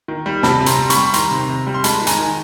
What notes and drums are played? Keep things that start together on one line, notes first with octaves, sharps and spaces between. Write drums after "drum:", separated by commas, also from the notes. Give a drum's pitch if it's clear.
D#3
G3
C3 A5 B5, drum: snare
C3
A#5 C6, drum: hi-hat
G3
B5 C#6, drum: hi-hat
G3
B5
D#3 A#5 C6, drum: hi-hat
C3
C3
G3
C6
G#3 A5 B5, drum: hi-hat
D#3
G#5 A#5, drum: hi-hat
D#3